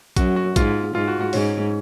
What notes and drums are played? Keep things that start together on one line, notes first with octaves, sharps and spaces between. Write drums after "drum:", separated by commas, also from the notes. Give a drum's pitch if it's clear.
F#2 F#4, drum: kick A#1, hi-hat
F#4
G#2 F4, drum: kick A#1, hi-hat
G#2 F4
F#4
F#4
G#2 C#4, drum: open hi-hat